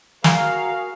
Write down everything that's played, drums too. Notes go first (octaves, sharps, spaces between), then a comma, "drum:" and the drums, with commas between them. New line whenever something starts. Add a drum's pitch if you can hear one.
F#4 G#4 A#4 F5, drum: snare